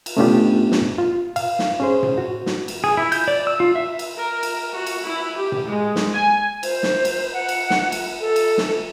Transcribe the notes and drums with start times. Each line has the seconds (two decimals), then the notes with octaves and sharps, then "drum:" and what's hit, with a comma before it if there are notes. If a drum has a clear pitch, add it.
0.06 drum: cymbal
0.17 A3 B3 C#4 D4 F4 G4
0.28 drum: tom A2
0.72 drum: snare
0.98 F4
1.36 F5, drum: cymbal
1.59 drum: snare
1.80 C#4 G#4 C5
2.03 drum: tom A2
2.18 F#4
2.46 drum: snare
2.68 drum: cymbal
2.84 G#4
2.97 E4
3.12 G6, drum: cymbal
3.28 D5
3.47 E6
3.60 F4
3.76 E5
3.99 drum: cymbal
4.16 A#4
4.43 drum: cymbal
4.72 F#4
4.86 drum: cymbal
5.05 E4
5.37 G4
5.52 drum: tom A2
5.67 G#3
5.96 drum: snare
6.12 G#5
6.63 C5, drum: cymbal
6.83 drum: snare
7.05 drum: cymbal
7.33 F#5
7.49 drum: cymbal
7.70 drum: snare
7.92 drum: cymbal
8.20 A4
8.36 drum: cymbal
8.58 drum: snare